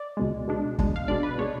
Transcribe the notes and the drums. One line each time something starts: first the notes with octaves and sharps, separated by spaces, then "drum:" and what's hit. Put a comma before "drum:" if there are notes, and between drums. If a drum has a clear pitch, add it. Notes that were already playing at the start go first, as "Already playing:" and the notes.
Already playing: D5
C#2 B2 G#3
B2 G#3 D4
B2 G#3 D4, drum: kick
F5
B2 G#3 D4 D5
B4
B2 G#3 D4 C#5